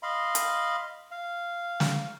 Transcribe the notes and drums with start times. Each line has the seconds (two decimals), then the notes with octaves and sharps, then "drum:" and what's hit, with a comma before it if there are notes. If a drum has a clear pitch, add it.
0.03 D#5 F5 B5 C6
0.35 drum: hi-hat
1.11 F5
1.80 drum: snare